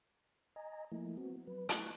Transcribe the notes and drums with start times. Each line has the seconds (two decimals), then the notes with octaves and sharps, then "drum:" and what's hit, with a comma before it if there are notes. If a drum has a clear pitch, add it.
0.56 D#5 G#5 A#5
0.92 F3 A3 A#3 E4
1.17 B3 C4 F#4
1.47 F#3 B4
1.69 A3 E4 C#6 F#6, drum: hi-hat